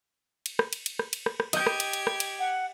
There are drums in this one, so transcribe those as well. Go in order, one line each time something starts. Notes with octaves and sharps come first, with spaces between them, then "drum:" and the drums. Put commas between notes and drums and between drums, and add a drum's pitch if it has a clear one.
drum: cymbal
drum: rim click
drum: cymbal
drum: cymbal
drum: rim click
drum: cymbal
drum: rim click
drum: rim click
G4 D#5 G6 G#6, drum: cymbal
drum: rim click
drum: cymbal
drum: cymbal
drum: rim click
drum: cymbal
F#5